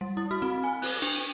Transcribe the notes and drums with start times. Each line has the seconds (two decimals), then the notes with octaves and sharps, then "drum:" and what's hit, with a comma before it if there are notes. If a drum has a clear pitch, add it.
0.01 G3
0.17 E4
0.31 F#4
0.42 C4
0.64 G#5
0.82 F#6, drum: open hi-hat
1.02 D4, drum: cymbal
1.16 D#7